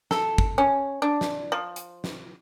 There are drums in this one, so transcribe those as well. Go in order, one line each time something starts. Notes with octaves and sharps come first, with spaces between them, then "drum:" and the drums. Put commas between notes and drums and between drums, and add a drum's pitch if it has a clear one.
A4, drum: snare
drum: kick
C#4
D4
drum: snare
F3
drum: hi-hat
drum: snare